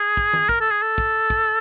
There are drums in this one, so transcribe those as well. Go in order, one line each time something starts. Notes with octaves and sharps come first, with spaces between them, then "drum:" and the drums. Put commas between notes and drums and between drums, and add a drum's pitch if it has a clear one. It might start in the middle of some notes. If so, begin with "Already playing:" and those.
Already playing: G#4
drum: kick
drum: tom D#3
A#4, drum: kick
A4
G#4
A4
drum: kick
drum: kick